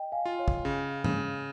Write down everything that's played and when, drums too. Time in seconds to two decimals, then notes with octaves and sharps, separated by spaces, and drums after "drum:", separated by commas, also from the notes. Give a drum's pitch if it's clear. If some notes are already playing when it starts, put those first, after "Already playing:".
Already playing: D#5 G5
0.12 F5 G#5
0.26 F4
0.38 C#5 F5
0.48 drum: kick
0.65 C#3
1.04 C#3, drum: tom G#2